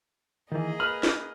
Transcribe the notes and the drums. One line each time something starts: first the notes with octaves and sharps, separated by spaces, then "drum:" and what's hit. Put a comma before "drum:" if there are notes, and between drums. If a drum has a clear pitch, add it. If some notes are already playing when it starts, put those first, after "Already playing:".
D#3 E3 A#3 G#4 D#5
B4 B5 F6
drum: snare